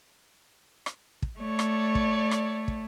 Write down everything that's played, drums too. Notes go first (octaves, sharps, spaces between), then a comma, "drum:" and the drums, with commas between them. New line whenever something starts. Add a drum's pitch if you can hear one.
drum: rim click
drum: kick
A3 C#5 D5
drum: rim click
drum: kick
drum: rim click
drum: kick